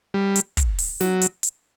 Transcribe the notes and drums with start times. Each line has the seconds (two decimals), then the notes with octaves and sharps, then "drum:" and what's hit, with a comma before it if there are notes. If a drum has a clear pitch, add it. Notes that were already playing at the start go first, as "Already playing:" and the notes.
0.14 G3
0.36 drum: hi-hat
0.57 drum: kick, hi-hat
0.78 drum: open hi-hat
1.01 F#3, drum: snare
1.21 drum: hi-hat
1.43 drum: hi-hat